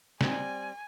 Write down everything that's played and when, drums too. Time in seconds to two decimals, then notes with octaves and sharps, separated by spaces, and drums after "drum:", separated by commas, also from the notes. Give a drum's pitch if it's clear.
0.21 G3 C4 G#5, drum: snare